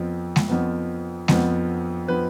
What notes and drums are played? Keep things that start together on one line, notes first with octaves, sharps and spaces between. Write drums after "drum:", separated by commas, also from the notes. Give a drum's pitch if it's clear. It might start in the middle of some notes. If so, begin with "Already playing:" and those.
Already playing: F2 F3 B3
drum: snare G#3
F2 F3 B3
F2 F3 B3, drum: snare G#3
F3 B3 B4